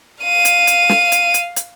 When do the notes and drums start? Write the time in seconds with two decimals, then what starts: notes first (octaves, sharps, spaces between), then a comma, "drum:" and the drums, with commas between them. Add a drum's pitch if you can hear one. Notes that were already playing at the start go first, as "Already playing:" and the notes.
0.23 F5 D#7
0.45 drum: hi-hat
0.67 drum: hi-hat
0.89 drum: snare
1.12 drum: hi-hat
1.34 drum: hi-hat
1.56 drum: hi-hat